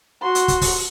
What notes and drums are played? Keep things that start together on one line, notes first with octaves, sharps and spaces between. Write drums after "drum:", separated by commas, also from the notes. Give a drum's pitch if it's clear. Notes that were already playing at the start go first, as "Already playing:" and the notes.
F#4 C6
drum: hi-hat
drum: kick, hi-hat
drum: kick, open hi-hat